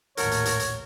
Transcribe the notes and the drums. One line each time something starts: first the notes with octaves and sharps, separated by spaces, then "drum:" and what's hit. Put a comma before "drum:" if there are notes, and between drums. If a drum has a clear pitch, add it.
A#1 D#2 A2 A3 F#4 A#4 C#5, drum: hi-hat
drum: hi-hat
drum: hi-hat
drum: hi-hat